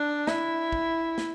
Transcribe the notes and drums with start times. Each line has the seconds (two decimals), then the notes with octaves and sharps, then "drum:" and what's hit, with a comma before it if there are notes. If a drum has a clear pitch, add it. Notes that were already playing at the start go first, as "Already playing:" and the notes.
Already playing: D4
0.27 E4, drum: snare
0.72 drum: kick
1.18 drum: snare